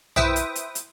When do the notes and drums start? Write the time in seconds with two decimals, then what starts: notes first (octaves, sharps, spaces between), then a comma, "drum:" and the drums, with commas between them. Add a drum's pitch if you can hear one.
0.16 E4 B4 C5 E5 G5 D#6, drum: tom
0.36 drum: hi-hat
0.55 drum: hi-hat
0.75 drum: hi-hat